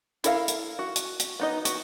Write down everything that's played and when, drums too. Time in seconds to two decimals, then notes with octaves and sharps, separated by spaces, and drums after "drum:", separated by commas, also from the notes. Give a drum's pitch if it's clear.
0.24 E4 A4 A#4 E5 F5, drum: hi-hat
0.48 drum: hi-hat
0.79 F#4
0.96 drum: hi-hat
1.19 drum: hi-hat
1.40 B3 D#4 D#5
1.65 F#4, drum: hi-hat